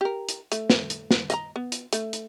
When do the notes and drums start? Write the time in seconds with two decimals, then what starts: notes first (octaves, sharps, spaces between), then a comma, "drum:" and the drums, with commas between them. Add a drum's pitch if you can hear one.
0.01 G4 A#4
0.29 drum: hi-hat
0.52 A3, drum: hi-hat
0.70 drum: snare
0.90 drum: hi-hat
1.11 drum: snare
1.30 D#5 F5 A#5, drum: hi-hat
1.56 B3
1.72 drum: hi-hat
1.93 A3, drum: hi-hat
2.13 drum: hi-hat